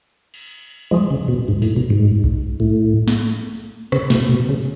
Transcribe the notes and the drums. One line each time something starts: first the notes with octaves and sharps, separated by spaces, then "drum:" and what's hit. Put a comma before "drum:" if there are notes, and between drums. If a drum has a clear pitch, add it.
drum: cymbal
F3 G#3
C#3
B2
G#2
A2, drum: open hi-hat
B2
G#2
drum: kick B1
A2
drum: snare
C#3, drum: rim click
B2, drum: snare
B2
C#3